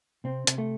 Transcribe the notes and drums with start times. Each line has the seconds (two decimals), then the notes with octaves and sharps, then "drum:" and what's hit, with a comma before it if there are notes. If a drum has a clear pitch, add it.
0.24 C3 C4
0.47 C3, drum: hi-hat
0.58 A3